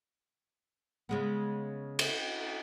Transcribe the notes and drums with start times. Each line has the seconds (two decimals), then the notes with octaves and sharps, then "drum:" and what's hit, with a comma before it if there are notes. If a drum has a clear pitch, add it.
1.09 C#3 G#3 B3
1.99 drum: cymbal